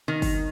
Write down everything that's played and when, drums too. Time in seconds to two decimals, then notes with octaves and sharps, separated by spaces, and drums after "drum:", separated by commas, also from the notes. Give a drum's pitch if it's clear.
0.08 D#3
0.22 drum: kick G1, open hi-hat